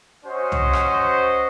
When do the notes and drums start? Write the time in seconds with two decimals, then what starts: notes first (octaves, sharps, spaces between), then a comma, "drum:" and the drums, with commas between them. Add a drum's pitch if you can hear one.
0.23 C#4 F#4 C5 D#5
0.52 drum: tom C2
0.73 drum: rim click